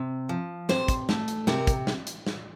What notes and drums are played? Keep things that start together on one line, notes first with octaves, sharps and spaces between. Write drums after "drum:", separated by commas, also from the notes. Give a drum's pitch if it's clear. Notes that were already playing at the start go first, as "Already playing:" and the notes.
Already playing: C3
F3
C3 C5, drum: snare
drum: kick, hi-hat
A3, drum: snare
drum: hi-hat
C3 A#4, drum: snare
drum: kick, hi-hat
drum: snare
drum: hi-hat
drum: snare